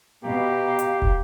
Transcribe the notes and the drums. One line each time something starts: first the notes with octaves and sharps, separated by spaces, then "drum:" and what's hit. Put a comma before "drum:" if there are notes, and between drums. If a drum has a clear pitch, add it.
B2 G4 F5 A#5
drum: hi-hat
drum: kick